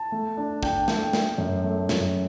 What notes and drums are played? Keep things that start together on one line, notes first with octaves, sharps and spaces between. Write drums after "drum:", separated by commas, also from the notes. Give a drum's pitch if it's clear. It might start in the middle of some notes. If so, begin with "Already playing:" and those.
Already playing: A5
A3
D4
D4 G5, drum: kick
A3 G5, drum: snare
A3, drum: snare
F#2
A3
F#2, drum: snare